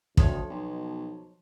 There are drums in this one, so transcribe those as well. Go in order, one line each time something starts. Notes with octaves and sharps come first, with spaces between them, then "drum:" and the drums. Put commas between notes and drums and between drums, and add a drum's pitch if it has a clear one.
D2 F3 C#5, drum: kick
B1 B2